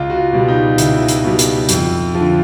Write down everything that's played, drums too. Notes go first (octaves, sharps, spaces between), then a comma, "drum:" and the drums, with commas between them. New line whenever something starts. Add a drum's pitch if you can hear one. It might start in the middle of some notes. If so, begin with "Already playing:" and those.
Already playing: C#2 F4
F#4
F4
B2 G3
D#4
C#2 E4, drum: hi-hat
drum: hi-hat
B2 G3
drum: hi-hat
F2, drum: hi-hat
F3
D3